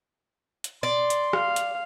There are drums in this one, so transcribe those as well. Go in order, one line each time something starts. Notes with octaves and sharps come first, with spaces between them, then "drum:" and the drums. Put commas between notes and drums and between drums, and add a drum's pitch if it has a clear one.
drum: hi-hat
D5 C6
drum: hi-hat
F5, drum: rim click
drum: hi-hat